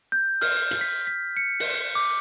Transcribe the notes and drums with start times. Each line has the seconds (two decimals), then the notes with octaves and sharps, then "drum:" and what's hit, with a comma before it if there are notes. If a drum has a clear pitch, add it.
0.12 G6
0.41 F6, drum: open hi-hat
0.71 drum: hi-hat
0.81 B6
1.07 B6
1.37 C#7
1.60 drum: open hi-hat
1.95 D6